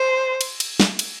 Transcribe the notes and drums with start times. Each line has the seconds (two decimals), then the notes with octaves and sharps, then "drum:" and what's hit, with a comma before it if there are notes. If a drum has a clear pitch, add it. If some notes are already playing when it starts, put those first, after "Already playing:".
Already playing: C5
0.41 drum: cymbal
0.60 drum: cymbal
0.80 drum: snare
0.99 drum: cymbal